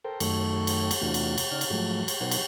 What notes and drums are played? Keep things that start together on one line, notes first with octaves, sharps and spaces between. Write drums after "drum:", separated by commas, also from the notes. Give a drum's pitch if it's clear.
A4 A#4 C5 G5
F#2 D#3 A3 A4 C#6, drum: cymbal
drum: cymbal
drum: cymbal
E2 C3 A3 D4 F4 F#4
drum: cymbal
drum: cymbal
C#3 D#4 D5 F6
drum: cymbal
G#2 F3 F#3 A3
drum: cymbal
B2 F#3 D#4 A#4 C5 F#5
drum: cymbal